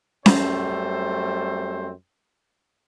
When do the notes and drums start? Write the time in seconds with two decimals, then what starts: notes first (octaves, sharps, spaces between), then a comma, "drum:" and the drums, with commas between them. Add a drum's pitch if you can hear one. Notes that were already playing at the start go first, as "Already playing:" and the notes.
0.26 F#2 G3 A3 C4 C5, drum: snare C#4